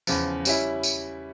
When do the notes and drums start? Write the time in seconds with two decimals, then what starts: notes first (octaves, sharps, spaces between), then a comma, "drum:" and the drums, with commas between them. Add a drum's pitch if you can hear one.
0.07 E2 C#3 F3, drum: tambourine
0.45 G3 C#4 E4, drum: tambourine
0.83 drum: tambourine